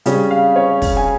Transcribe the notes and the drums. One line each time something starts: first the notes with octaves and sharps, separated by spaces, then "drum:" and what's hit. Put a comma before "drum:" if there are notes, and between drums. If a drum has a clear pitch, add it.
C#3 G3 C#4, drum: hi-hat
F5
C#5
drum: kick, open hi-hat
G#5